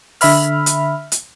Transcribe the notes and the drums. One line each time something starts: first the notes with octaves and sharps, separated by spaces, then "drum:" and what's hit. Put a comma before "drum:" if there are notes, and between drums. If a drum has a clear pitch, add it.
D3 E5 B5 F6, drum: open hi-hat
drum: hi-hat
drum: hi-hat